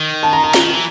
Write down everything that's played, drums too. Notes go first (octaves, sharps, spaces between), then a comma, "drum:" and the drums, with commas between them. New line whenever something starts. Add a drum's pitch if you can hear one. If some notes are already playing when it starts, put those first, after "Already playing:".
Already playing: D#3
A5
A#5
A#5
E3, drum: snare
D#3
E3